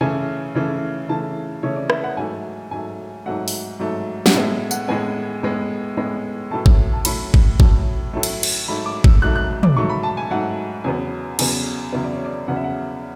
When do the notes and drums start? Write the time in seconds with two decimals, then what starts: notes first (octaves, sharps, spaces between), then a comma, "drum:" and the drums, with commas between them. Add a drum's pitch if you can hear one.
0.01 C#3 E3 A3 G#5
0.55 C#3 E3 A3
1.09 C#3 E3 A3 A5
1.63 C#3 E3 A3 C#5
1.76 D5
1.90 E5, drum: rim click
2.04 F#5
2.17 G#2 F#3 A3 G#5
2.71 G#2 F#3 A3 G#5
3.26 G#2 F#3 A3 F#5
3.48 drum: open hi-hat
3.79 G#2 F#3 A3
4.26 F#5, drum: snare
4.34 A2 G#3 B3 E5
4.71 F#5, drum: tambourine
4.88 A2 G#3 B3 G#5
5.43 A2 G#3 B3
5.97 A2 G#3 B3
6.51 A2 F#3 A3 A5
6.66 drum: kick G#1
6.93 A5
7.05 A2 F#3 A3 B5, drum: cymbal
7.34 drum: kick G#1
7.60 A2 F#3 A3, drum: kick G#1
8.13 A2 F#3 A3
8.23 drum: cymbal
8.43 drum: cymbal
8.68 G#2 F#3 A3 B5
8.86 D6
9.04 E6, drum: kick G#1
9.22 G#2 F#3 A3 F#6
9.36 F#6
9.63 D6, drum: tom
9.76 G#2 F#3 A3 C#6
9.89 B5
10.03 A5
10.17 G#5
10.30 G#2 F#3 A3 F#5
10.84 E2 C#3 F#3 B3 G#5
11.39 E2 C#3 F#3 B3 G#5, drum: cymbal
11.93 E2 C#3 F#3 B3 E5
12.04 D5
12.14 C#5
12.25 D5
12.48 E2 C#3 F#3 B3 F#5
12.56 E5
12.64 F#5